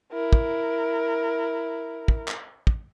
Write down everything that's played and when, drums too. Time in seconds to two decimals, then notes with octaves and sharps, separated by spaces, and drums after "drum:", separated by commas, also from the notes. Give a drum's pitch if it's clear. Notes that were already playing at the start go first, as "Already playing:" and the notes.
0.13 E4 A#4
0.33 drum: kick
2.08 drum: kick
2.28 drum: clap
2.67 drum: kick